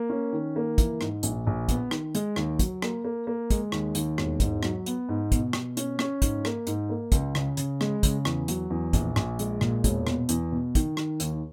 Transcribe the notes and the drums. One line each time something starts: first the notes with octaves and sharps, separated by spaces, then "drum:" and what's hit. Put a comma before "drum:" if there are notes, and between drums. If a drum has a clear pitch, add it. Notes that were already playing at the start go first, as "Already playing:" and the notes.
Already playing: A#3
C#4
D#3
A#3
E3, drum: kick, hi-hat
G#2, drum: rim click
A#1, drum: hi-hat
A#1
B3, drum: kick, hi-hat
D#3, drum: rim click
G#3, drum: hi-hat
D#2, drum: rim click
F#3, drum: kick, hi-hat
A#3, drum: rim click
A#3
A#3
G#3, drum: kick, hi-hat
D#2, drum: rim click
D#2, drum: hi-hat
E1, drum: rim click
G#2, drum: kick, hi-hat
F#3, drum: rim click
B3, drum: hi-hat
G#2
B2, drum: kick, hi-hat
B2, drum: rim click
C#4, drum: hi-hat
C#4, drum: rim click
G#2, drum: kick, hi-hat
A#3, drum: rim click
G#2, drum: hi-hat
A#3
C#2, drum: kick, hi-hat
C#3, drum: rim click
C#3, drum: hi-hat
G#3, drum: rim click
C#3, drum: kick, hi-hat
E2, drum: rim click
F#3, drum: hi-hat
E2
A#1, drum: kick, hi-hat
A#1, drum: rim click
G#3, drum: hi-hat
A#2, drum: rim click
E1, drum: kick, hi-hat
B2, drum: rim click
E2, drum: hi-hat
B2
D#3, drum: kick, hi-hat
D#3, drum: rim click
D#2, drum: hi-hat